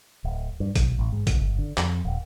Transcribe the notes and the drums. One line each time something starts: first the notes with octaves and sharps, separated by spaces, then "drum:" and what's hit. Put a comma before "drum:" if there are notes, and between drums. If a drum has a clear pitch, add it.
D1
G2
B1, drum: kick, hi-hat
A1
G#2
C#2, drum: kick, hi-hat
G1
D3
F2, drum: clap
D#1